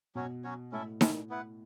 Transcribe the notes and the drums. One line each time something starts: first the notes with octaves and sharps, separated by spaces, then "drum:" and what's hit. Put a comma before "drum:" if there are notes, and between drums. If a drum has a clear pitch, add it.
B2 F#3 C#4 F#4 C#5
F#3 C#4 F#4 C#5
A2 C#4 E4 A4 E5
C#4 E4 A4 E5, drum: snare D#4
B3 E4 B4 F#5